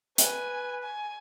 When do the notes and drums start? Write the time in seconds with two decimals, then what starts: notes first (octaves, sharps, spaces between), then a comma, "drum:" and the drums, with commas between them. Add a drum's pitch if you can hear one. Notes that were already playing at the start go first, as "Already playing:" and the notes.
0.18 B4 G#5, drum: hi-hat
0.83 G#5